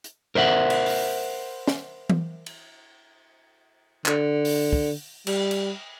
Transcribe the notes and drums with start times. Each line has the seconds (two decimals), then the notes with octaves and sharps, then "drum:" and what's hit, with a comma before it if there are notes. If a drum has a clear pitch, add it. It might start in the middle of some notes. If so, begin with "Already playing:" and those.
0.04 drum: hi-hat
0.35 A#4 C5 E5 F#5
0.70 drum: cymbal
0.86 drum: open hi-hat
1.67 drum: snare
2.10 drum: tom E3
2.46 drum: cymbal
4.06 D3, drum: clap
4.45 drum: open hi-hat
4.73 drum: kick
5.27 G3, drum: cymbal
5.51 drum: cymbal